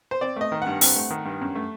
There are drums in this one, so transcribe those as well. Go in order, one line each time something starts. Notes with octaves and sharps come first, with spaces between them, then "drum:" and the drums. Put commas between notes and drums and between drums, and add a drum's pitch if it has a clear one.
C5
C4 D5
A3 D#5
D#3
G2 F#5
C4, drum: open hi-hat
A3
D#3
G2
F#2
A3